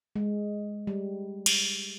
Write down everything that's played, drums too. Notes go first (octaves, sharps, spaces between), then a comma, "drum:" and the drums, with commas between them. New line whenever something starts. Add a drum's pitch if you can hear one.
G#3
G3
drum: cymbal